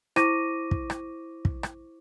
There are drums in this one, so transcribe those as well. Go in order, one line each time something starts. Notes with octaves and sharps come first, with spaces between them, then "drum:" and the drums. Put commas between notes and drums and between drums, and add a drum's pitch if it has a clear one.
E4 C5 C#6 D6 A#6 D#7, drum: rim click
drum: kick
drum: rim click
drum: kick
drum: rim click